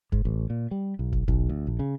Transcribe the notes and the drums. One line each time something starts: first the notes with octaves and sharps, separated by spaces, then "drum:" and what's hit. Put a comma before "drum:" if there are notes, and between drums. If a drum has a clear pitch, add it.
G#2, drum: kick
A1
A#2
G3
B1
drum: kick
B1, drum: kick
D2
A#1
C#3